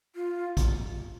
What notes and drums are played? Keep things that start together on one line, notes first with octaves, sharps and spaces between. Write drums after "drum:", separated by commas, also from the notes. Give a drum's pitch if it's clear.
F4
drum: kick, hi-hat